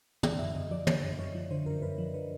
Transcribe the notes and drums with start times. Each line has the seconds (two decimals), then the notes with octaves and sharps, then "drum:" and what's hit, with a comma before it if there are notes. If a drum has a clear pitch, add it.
0.23 D3 D5, drum: tom
0.39 F#2 E5
0.55 F#2 D#5
0.71 F3 D5
0.87 D3 C#5, drum: tom
1.03 F#2
1.19 F#2 C#5
1.35 F3
1.51 D3 C5
1.66 F#2 A#4
1.82 F#2 B4
1.98 F3
2.14 D3 B4